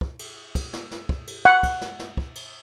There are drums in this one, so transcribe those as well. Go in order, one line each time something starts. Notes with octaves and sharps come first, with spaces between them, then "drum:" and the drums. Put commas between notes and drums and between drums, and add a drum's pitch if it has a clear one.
drum: kick
drum: cymbal
drum: kick, cymbal
drum: snare
drum: snare
drum: kick
drum: cymbal
F#5
drum: kick, cymbal
drum: snare
drum: snare
drum: kick
drum: cymbal